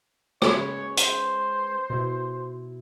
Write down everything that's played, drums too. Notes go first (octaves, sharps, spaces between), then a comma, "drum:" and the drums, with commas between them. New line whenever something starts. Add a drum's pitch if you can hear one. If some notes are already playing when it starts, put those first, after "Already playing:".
G#3 C#4 B4 C#5, drum: rim click
C5, drum: hi-hat
B2 E4